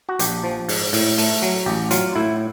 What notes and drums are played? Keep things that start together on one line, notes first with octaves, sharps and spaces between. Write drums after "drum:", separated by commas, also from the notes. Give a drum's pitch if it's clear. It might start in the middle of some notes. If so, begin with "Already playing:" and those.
F#4
A#1 G4, drum: hi-hat
F3
G#2, drum: open hi-hat
A2, drum: open hi-hat
A3, drum: open hi-hat
F#3
A1 G4
F#3 F4, drum: hi-hat
A2 E4